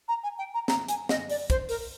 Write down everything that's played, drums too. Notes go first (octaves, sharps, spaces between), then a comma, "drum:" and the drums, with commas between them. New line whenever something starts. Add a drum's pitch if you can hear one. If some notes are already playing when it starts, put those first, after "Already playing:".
A#5
G#5
G5
A#5
A#5, drum: snare
G#5, drum: hi-hat
D#5, drum: snare
D5, drum: open hi-hat
C5, drum: kick, hi-hat
A#4, drum: open hi-hat